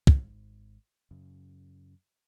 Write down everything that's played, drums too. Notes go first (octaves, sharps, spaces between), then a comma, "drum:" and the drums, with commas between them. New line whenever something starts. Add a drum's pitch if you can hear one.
G#1 G#2, drum: kick
F#2 C#3